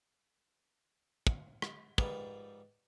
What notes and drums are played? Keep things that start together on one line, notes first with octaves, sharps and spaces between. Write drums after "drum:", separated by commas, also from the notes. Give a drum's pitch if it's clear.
drum: kick
drum: rim click
G#2 F3 G3 G#4 A#4 B4, drum: kick